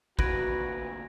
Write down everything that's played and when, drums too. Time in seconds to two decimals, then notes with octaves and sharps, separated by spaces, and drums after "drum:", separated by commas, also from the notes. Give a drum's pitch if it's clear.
0.19 D2 A#2 F#4 B4 G#6 A#6 D7, drum: kick